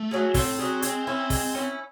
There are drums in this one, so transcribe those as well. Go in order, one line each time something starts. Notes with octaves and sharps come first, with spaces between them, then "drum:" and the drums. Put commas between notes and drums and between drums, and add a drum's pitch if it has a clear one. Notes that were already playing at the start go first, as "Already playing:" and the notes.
Already playing: A3
F#3 C#4 G#4
A2 C4, drum: kick, open hi-hat
F#3 C#4 G#4
G#3, drum: hi-hat
C#4 E4
G#3, drum: kick, open hi-hat
C#4 E4